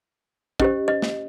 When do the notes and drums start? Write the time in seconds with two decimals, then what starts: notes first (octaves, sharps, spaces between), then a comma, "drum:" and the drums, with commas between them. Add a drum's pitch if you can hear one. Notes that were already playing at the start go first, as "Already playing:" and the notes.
0.60 C#4 G4 C5 D#5, drum: kick
0.88 D#5
1.02 drum: snare